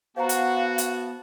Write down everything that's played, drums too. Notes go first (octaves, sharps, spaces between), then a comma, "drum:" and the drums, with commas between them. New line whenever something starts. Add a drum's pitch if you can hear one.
B3 F#4 C5 F5 A5 A#5
drum: hi-hat
drum: hi-hat